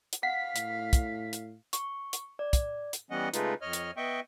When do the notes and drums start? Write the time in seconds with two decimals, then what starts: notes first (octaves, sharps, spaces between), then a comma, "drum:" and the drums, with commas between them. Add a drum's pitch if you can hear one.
0.13 drum: hi-hat
0.23 F5 F#5 B6
0.56 A2, drum: hi-hat
0.93 drum: kick, hi-hat
1.33 drum: hi-hat
1.73 C#6, drum: hi-hat
2.13 drum: hi-hat
2.39 D5
2.53 drum: kick, hi-hat
2.93 drum: hi-hat
3.11 E3 G3 B3 C#4 D#5 F#5
3.34 C#3 G#3 A3 D#4 F4 B4, drum: hi-hat
3.62 F2 C#5 D#5 F6
3.73 drum: hi-hat
3.97 B3 D#5 E5 G5 C#6